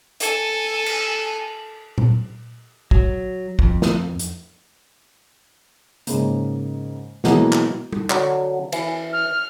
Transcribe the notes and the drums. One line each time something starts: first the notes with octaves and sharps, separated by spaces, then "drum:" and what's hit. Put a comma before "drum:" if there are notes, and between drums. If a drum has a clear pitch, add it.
A4 G#5, drum: hi-hat
drum: cymbal
drum: tom A#2
F#3, drum: kick
F2, drum: kick
drum: snare
drum: hi-hat
G#2 C#3 A#3, drum: hi-hat
B2 E3 F#3 G#3 A#3 B3, drum: snare
drum: clap
drum: tom
D3 F#3, drum: clap
E3, drum: cymbal
F6